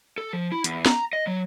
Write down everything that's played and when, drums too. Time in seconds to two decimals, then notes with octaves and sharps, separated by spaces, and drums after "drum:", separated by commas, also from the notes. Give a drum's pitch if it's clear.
0.18 A4
0.33 F3
0.52 E4
0.64 E2, drum: hi-hat
0.86 A#5, drum: snare
1.13 D#5
1.27 F#3